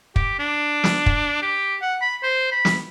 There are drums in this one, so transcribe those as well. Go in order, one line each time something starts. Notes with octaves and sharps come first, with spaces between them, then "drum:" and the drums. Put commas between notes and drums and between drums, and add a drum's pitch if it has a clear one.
G4, drum: kick
D4
drum: snare
drum: kick
G4
F#5
B5
C5
B5
drum: snare